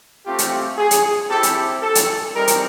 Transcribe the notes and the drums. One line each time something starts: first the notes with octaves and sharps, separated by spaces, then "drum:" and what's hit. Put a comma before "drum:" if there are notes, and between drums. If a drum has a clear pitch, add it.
A3 C4 F4 G4
drum: hi-hat
G#4
drum: hi-hat
C4 E4 G4 A4
drum: hi-hat
A4
drum: hi-hat
G3 C4 D#4 A#4
drum: hi-hat